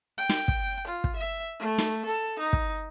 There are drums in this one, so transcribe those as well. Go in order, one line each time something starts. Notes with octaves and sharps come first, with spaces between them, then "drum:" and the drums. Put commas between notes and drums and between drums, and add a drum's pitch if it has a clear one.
G5
drum: snare
drum: kick
F4
drum: kick
E5
A3
drum: snare
A4
D#4
drum: kick